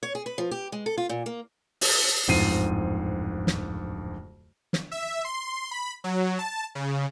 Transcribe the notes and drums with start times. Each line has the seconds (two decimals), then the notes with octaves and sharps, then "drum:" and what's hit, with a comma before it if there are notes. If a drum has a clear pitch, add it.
0.03 C#5
0.15 G#4
0.26 B4
0.38 F3
0.51 G4
0.72 G#3
0.86 A4
0.98 F4
1.09 A#2
1.26 A#3
1.81 drum: open hi-hat
2.28 D1 F2 G#2 C7 D#7
3.47 drum: snare
4.73 drum: snare
4.92 E5
5.25 C6
5.71 B5
6.04 F#3
6.39 A5
6.75 C#3